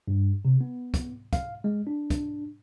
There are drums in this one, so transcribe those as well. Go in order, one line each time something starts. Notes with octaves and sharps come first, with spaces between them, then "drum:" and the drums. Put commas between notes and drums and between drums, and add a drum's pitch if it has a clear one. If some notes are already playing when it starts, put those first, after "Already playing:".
G2
C3
B3
drum: kick, hi-hat
F5, drum: kick, hi-hat
G#3
D4
drum: kick, hi-hat